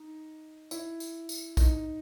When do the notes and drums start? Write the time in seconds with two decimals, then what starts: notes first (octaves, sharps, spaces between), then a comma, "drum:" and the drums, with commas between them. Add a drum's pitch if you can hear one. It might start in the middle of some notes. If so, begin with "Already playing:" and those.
Already playing: D#4
0.71 E4, drum: tambourine
1.00 drum: tambourine
1.29 drum: tambourine
1.57 D#4, drum: kick B1, tambourine